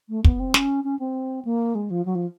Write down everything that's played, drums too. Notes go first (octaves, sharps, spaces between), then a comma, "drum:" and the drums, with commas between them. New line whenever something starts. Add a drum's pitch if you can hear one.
A3
B3, drum: kick
C4
C#4, drum: snare
C#4
C4
A#3
G#3
F3
F#3
F3